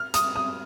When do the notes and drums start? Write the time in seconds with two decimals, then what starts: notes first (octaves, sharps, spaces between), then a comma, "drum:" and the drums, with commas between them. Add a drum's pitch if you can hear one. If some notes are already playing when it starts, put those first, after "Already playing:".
Already playing: F6
0.14 D#6, drum: hi-hat
0.36 D#6